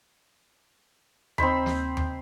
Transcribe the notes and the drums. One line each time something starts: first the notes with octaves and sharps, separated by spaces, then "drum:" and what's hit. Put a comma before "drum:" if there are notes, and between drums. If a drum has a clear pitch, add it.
C4 D#4 C5 B5, drum: tom D#2
drum: snare
drum: tom D#2